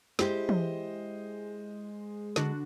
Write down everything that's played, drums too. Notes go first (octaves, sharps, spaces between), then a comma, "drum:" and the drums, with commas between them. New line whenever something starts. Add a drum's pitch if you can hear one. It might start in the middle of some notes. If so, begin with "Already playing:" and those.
G#3 E4 G4 C5 D#5, drum: snare
drum: tom E3
D3 D4 F#4, drum: snare